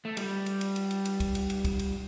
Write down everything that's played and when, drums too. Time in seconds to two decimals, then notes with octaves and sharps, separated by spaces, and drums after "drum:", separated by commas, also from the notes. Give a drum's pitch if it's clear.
0.05 A3
0.17 G3, drum: cymbal
0.46 drum: cymbal
0.61 drum: cymbal
0.76 drum: cymbal
0.91 drum: cymbal
1.05 drum: cymbal
1.20 drum: kick, cymbal
1.35 drum: cymbal
1.50 drum: cymbal
1.65 drum: kick, cymbal
1.79 drum: cymbal